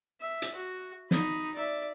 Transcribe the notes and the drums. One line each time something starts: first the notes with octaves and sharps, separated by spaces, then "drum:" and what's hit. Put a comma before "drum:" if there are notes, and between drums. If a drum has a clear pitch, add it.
E5
drum: hi-hat
F#4
D#4 B5, drum: snare
D5 E5